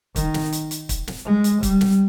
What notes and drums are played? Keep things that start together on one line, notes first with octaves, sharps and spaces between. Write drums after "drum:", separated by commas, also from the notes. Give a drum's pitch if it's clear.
D#3, drum: kick, hi-hat
drum: snare
drum: hi-hat
drum: hi-hat
drum: kick, hi-hat
drum: snare
G#3
drum: hi-hat
G3, drum: kick, hi-hat
drum: snare